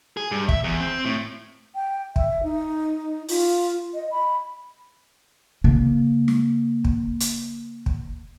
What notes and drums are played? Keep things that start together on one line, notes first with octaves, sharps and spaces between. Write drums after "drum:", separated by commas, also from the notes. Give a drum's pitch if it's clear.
G#4
G2
E5, drum: kick
E2
C4
A2
G5
E5, drum: kick
D#4
F4, drum: open hi-hat
D#5
B5
C#3 A#3
drum: snare
drum: kick
drum: hi-hat
drum: kick